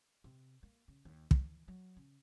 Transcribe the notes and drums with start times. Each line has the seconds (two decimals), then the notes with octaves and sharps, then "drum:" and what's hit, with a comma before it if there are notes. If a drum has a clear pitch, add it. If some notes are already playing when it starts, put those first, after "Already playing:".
0.24 C3
0.63 A#3
0.88 C#3
1.05 D#2
1.31 E3, drum: kick
1.68 F#3
1.97 C#3